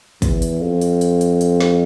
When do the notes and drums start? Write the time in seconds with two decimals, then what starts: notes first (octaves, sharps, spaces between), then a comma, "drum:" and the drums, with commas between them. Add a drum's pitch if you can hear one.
0.22 E2, drum: kick, hi-hat
0.42 drum: hi-hat
0.61 F2
0.81 drum: hi-hat
1.01 drum: hi-hat
1.21 drum: hi-hat
1.41 drum: hi-hat
1.61 drum: snare